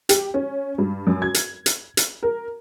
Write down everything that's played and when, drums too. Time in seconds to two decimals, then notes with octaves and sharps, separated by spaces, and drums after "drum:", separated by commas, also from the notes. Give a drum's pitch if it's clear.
0.09 G4, drum: hi-hat
0.34 C#4
0.78 G2
1.07 F#2
1.22 G#6
1.34 drum: hi-hat
1.66 drum: hi-hat
1.97 drum: hi-hat
2.23 A#4